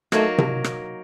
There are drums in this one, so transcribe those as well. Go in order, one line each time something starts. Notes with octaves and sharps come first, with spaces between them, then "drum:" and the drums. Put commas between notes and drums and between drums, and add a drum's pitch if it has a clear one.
F#3 A3 A#3 D#4, drum: rim click
drum: tom C3
drum: rim click